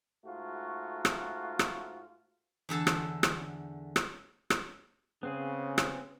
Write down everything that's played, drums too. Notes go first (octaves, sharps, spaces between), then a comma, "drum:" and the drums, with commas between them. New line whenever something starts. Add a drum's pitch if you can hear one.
G#2 A3 F4 F#4
drum: rim click
drum: rim click
E2 D3 A4 A5
drum: rim click
drum: rim click
drum: rim click
drum: rim click
C#3 B3 C4 G#4
drum: rim click